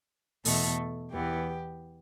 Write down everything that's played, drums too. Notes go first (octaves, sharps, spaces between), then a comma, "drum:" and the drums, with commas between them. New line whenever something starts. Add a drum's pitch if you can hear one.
E2 B2 A3 A4, drum: open hi-hat
E2 E3 B3 G4